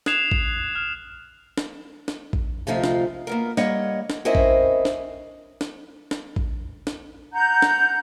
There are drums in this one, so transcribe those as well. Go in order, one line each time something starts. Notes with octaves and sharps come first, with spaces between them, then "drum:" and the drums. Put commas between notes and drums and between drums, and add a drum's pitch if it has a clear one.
D#6 F#6 G#6 C7 E7 F7, drum: snare
drum: kick A1
F6
drum: snare
drum: snare
drum: kick A1
D2 C3 F3 D#4 F4
drum: snare
A#3 B3 A#4
G3 A#3 C#5 D#5 F#5, drum: snare
drum: snare
C4 C#4 E4 A#4 C5 D#5
drum: kick A1
drum: snare
drum: snare
drum: snare
drum: kick A1
drum: snare
F#5 A#5 G6
drum: snare